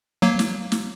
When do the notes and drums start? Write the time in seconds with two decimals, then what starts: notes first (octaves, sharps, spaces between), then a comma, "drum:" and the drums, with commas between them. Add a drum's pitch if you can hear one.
0.22 F#3 A#3
0.39 drum: snare
0.72 drum: snare